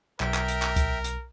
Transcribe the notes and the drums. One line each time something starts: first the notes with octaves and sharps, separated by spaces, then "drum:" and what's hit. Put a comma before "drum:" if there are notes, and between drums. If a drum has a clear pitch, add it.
B1 A#4 E5 G5, drum: clap
drum: clap
drum: hi-hat
drum: clap
drum: kick C#2, hi-hat
drum: hi-hat